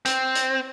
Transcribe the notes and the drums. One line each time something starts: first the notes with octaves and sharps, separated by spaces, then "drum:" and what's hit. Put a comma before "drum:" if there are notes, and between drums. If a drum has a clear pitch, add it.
C4, drum: hi-hat
drum: hi-hat